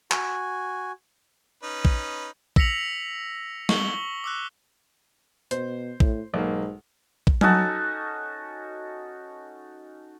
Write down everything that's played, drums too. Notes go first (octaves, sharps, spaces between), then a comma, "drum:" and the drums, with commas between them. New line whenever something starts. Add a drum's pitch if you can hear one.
F#4 G#5, drum: clap
C#4 D#4 B4
drum: kick A#1
E6 A#6 B6 C#7 F7 F#7, drum: kick A#1
C#6 F#7 G7, drum: snare
D6 E6 F#6
B2 C5, drum: hi-hat
A2, drum: kick A#1
B1 G#2 A#3
drum: kick A#1
C#4 D#4 F#4 A4, drum: tom F#3